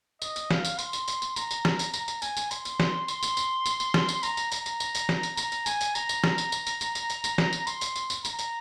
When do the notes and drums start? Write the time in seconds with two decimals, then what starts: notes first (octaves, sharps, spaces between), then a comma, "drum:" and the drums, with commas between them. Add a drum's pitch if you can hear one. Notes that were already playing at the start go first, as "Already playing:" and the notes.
0.22 D#5, drum: tambourine
0.36 drum: tambourine
0.51 F5, drum: snare
0.65 drum: tambourine
0.79 C6, drum: tambourine
0.93 drum: tambourine
1.08 drum: tambourine
1.22 drum: tambourine
1.36 A#5, drum: tambourine
1.51 drum: tambourine
1.65 drum: snare
1.79 drum: tambourine
1.94 A#5, drum: tambourine
2.08 drum: tambourine
2.22 G#5, drum: tambourine
2.37 drum: tambourine
2.51 C6, drum: tambourine
2.65 drum: tambourine
2.80 drum: snare
3.08 C6, drum: tambourine
3.23 drum: tambourine
3.37 drum: tambourine
3.66 drum: tambourine
3.80 drum: tambourine
3.94 drum: snare
4.09 drum: tambourine
4.23 A#5, drum: tambourine
4.37 drum: tambourine
4.52 A#5, drum: tambourine
4.66 drum: tambourine
4.80 drum: tambourine
4.95 drum: tambourine
5.09 drum: snare
5.23 drum: tambourine
5.37 A#5, drum: tambourine
5.52 drum: tambourine
5.66 G#5, drum: tambourine
5.81 drum: tambourine
5.95 A#5, drum: tambourine
6.09 drum: tambourine
6.24 drum: snare
6.38 drum: tambourine
6.52 drum: tambourine
6.67 drum: tambourine
6.81 drum: tambourine
6.95 drum: tambourine
7.10 drum: tambourine
7.24 drum: tambourine
7.38 drum: snare
7.53 drum: tambourine
7.67 C6, drum: tambourine
7.81 drum: tambourine
7.96 drum: tambourine
8.10 drum: tambourine
8.25 A#5, drum: tambourine
8.39 drum: tambourine